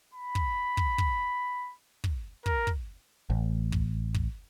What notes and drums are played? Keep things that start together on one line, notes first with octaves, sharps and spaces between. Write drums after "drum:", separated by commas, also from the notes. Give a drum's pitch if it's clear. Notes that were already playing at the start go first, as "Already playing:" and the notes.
B5
drum: kick
drum: kick
drum: kick
drum: kick
A#4, drum: kick
drum: kick
A1
drum: kick
drum: kick